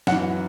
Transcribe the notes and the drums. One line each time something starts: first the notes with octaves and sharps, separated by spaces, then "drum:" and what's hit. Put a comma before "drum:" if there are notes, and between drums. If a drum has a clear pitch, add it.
F#2 F#5, drum: snare
E3